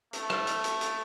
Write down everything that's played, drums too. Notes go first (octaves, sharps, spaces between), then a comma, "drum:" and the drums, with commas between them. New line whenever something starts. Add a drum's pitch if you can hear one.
A3, drum: hi-hat
drum: rim click
drum: hi-hat
drum: hi-hat
drum: hi-hat